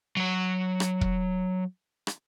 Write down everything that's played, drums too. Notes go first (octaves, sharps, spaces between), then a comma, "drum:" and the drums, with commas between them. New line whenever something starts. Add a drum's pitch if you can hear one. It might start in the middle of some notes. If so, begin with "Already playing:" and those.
F#3 C#5
drum: rim click
drum: kick
drum: rim click